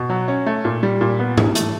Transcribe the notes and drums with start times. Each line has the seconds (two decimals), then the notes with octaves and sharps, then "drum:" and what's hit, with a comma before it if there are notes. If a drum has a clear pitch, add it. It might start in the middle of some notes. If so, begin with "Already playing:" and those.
Already playing: B2
0.10 F#3
0.28 C#4
0.46 A3
0.65 A#2
0.83 G3
1.01 A#2
1.19 B3
1.38 E3, drum: tom G#2
1.55 A3, drum: hi-hat